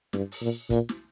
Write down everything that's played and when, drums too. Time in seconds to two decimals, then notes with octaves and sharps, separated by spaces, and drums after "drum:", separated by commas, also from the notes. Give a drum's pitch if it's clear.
0.13 G2, drum: snare
0.32 drum: open hi-hat
0.41 A#2
0.70 A#2, drum: kick, hi-hat
0.89 drum: snare